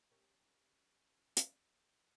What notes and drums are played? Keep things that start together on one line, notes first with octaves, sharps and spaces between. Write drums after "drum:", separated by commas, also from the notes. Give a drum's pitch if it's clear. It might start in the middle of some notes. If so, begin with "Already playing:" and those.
C#4 G4 A#4
drum: hi-hat